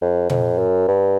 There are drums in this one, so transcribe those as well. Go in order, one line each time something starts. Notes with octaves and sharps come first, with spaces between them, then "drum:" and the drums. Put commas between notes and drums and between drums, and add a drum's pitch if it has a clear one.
F2
F2, drum: tom A#2
F#2
G2